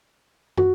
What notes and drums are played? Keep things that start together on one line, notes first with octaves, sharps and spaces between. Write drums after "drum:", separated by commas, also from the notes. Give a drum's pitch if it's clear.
F#4, drum: tom